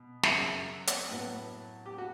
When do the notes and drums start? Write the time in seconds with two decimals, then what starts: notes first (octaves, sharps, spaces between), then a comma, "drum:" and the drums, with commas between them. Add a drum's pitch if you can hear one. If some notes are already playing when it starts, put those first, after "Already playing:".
Already playing: B2
0.23 F#2 C#3 F#3 E5, drum: snare
0.87 drum: hi-hat
1.11 A2 F#3 B3
1.86 G4
1.98 F#4